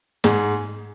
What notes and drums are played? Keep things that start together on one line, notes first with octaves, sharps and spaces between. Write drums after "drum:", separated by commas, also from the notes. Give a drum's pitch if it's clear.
G#2 G#4, drum: snare